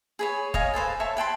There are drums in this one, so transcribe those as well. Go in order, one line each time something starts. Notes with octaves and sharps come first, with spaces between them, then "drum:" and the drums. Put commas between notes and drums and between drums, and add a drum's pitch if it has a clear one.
G#4 B4 C#5
C#5 D#5 F5 G#5, drum: kick
A4 B4 C5 G#5
C#5 E5 A5 C#6
B4 G5 A5 C6